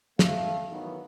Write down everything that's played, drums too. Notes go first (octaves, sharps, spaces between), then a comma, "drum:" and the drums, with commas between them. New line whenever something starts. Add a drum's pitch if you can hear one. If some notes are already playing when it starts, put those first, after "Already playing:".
A3 F5, drum: snare
D#3 E3 F#3 B3 D#4